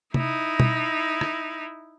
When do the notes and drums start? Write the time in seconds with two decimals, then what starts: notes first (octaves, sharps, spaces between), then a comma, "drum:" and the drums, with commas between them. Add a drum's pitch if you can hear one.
0.14 D#4 E4, drum: tom C3
0.60 drum: tom B2
1.21 drum: rim click